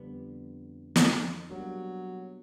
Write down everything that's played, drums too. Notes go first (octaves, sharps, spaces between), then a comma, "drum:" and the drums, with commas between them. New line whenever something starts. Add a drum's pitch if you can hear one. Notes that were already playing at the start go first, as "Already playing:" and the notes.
Already playing: F2 D3 G3 B3
drum: snare
B2 F#3 G3 A#3 D4